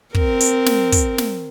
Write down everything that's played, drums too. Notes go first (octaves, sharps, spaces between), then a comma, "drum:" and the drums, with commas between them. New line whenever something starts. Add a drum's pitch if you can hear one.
C4 A#4, drum: kick
drum: hi-hat
drum: snare
drum: kick, hi-hat
drum: snare